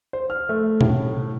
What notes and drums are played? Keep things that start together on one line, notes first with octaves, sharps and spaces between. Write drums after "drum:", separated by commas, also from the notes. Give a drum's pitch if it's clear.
C5
F6
A3
A2, drum: tom B2